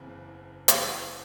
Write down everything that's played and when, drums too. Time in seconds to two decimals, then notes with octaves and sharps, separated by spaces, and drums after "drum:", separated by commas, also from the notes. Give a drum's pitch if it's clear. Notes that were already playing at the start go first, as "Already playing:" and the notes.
Already playing: F#1 E2 C#3 E3 C4
0.68 F#1 E2 C#3 E3, drum: hi-hat